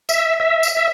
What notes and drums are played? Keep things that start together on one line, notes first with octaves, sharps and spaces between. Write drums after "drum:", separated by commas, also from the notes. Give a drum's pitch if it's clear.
E5, drum: tambourine
E5
drum: tambourine
E5